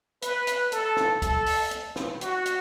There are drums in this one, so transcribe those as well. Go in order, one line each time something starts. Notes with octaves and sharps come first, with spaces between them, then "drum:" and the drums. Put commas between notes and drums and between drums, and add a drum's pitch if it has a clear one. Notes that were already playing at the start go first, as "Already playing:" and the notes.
B4, drum: hi-hat
drum: hi-hat
A4, drum: hi-hat
drum: snare
A4, drum: kick, hi-hat
drum: open hi-hat
drum: hi-hat
drum: snare
F#4, drum: hi-hat
drum: hi-hat